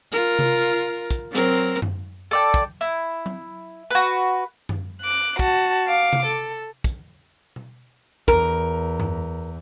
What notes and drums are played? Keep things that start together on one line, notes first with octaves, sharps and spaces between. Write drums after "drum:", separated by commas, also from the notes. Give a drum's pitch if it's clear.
F4 A#4
drum: tom C3
drum: kick, hi-hat
F#3 C4 A#4
drum: tom F#2
A4 D5 G5
drum: kick, hi-hat
E4
drum: tom F#3
F#4 B4
drum: tom F#2
D6 F#6
F#4 A5, drum: kick, hi-hat
F5 D6
drum: tom C3
A4
drum: kick, hi-hat
drum: tom B2
E2 A#4, drum: kick, hi-hat
drum: tom F#2